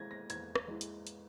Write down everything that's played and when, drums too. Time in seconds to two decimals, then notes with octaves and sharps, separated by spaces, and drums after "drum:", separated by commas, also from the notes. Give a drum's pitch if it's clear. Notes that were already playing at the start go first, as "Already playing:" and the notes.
Already playing: E3 G#3 G#6 A#6
0.11 A#6
0.30 E2 G#6, drum: hi-hat
0.55 drum: rim click
0.68 E3 G#3
0.81 drum: hi-hat
1.07 drum: hi-hat